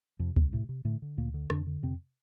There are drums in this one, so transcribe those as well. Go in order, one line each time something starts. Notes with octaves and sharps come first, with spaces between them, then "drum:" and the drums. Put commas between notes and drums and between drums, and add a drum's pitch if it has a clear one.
F2 C3 F3
C2, drum: kick D2
A2 C3 A3
C3
A2 D3 A3
D3
D2 A#2 A#3
D3
F2 D3 D4, drum: rim click
D3
F2 C3 C4